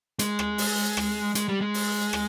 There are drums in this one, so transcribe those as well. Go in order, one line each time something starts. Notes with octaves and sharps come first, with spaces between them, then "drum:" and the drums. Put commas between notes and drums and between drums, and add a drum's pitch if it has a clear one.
G#3, drum: hi-hat
drum: rim click
drum: open hi-hat
drum: rim click
G#3, drum: hi-hat
G3
G#3
drum: open hi-hat
drum: rim click